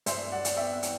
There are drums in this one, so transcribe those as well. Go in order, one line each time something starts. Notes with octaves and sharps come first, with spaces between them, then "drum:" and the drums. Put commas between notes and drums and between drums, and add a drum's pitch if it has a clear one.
G2 C5 E5, drum: hi-hat
G3 D5 F#5
drum: hi-hat
B3 E5 G5
E3 G5, drum: hi-hat